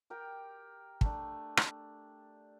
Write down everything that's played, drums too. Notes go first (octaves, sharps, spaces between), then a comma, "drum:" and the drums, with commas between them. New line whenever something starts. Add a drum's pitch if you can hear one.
G4 A#4 G5
A3 D4, drum: kick
drum: rim click